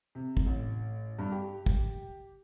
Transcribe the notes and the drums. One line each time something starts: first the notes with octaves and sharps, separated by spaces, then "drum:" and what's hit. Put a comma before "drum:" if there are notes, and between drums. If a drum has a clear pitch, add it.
C3
drum: kick
A1
G2
G4
drum: kick